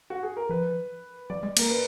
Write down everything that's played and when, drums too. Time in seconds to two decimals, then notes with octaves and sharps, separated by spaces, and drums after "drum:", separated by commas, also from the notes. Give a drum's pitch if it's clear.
0.10 F#4
0.23 G#4
0.37 A#4
0.49 F3 B4
1.30 F#3 D5
1.43 G#3
1.57 A#3 A#4, drum: cymbal
1.70 B4